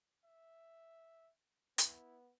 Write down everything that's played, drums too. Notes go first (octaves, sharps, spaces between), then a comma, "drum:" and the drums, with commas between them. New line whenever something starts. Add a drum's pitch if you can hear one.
E5
B3 E4, drum: hi-hat